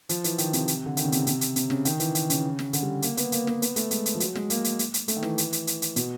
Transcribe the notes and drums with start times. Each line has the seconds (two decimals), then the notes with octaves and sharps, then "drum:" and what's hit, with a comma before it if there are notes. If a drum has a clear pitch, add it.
0.09 F3, drum: hi-hat
0.24 E3, drum: hi-hat
0.38 D#3, drum: hi-hat
0.53 C3, drum: hi-hat
0.68 drum: hi-hat
0.86 D3
0.97 D#3, drum: hi-hat
1.05 C#3
1.12 C3, drum: hi-hat
1.27 C3, drum: hi-hat
1.41 drum: hi-hat
1.56 C3, drum: hi-hat
1.70 C#3, drum: snare
1.85 D#3, drum: hi-hat
2.00 E3, drum: hi-hat
2.15 D#3, drum: hi-hat
2.30 C#3, drum: hi-hat
2.59 drum: snare
2.73 D3, drum: hi-hat
2.83 G3
3.02 A#3, drum: hi-hat
3.17 B3, drum: hi-hat
3.32 A#3, drum: hi-hat
3.47 B3, drum: snare
3.62 B3, drum: hi-hat
3.76 A3, drum: hi-hat
3.91 G#3, drum: hi-hat
4.06 drum: hi-hat
4.15 F3
4.20 F#3, drum: hi-hat
4.35 G#3, drum: snare
4.50 A#3, drum: hi-hat
4.64 drum: hi-hat
4.79 drum: hi-hat
4.94 drum: hi-hat
5.08 A3, drum: hi-hat
5.16 D#3
5.23 E3, drum: snare
5.38 drum: hi-hat
5.53 drum: hi-hat
5.67 drum: hi-hat
5.82 drum: hi-hat
5.96 B2, drum: hi-hat